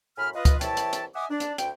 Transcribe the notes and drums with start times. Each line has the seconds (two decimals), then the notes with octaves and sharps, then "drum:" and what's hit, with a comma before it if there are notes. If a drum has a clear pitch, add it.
0.18 F#2 A2 G#5 B5 F6
0.35 F4 B4 D#5
0.45 drum: kick C#2, hi-hat
0.61 C2 E3 C#5 E5 G5 A5, drum: hi-hat
0.77 drum: hi-hat
0.93 drum: hi-hat
1.15 D#5 E5 F#5 G#5 D6 D#6
1.30 D4
1.40 drum: hi-hat
1.58 D2 G5, drum: hi-hat